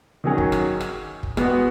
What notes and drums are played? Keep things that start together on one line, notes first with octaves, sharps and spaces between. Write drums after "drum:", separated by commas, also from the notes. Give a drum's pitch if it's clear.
D#3 F#3 C#4 G#4
drum: kick
drum: rim click
drum: rim click
drum: kick
G#3 B3 F#4, drum: rim click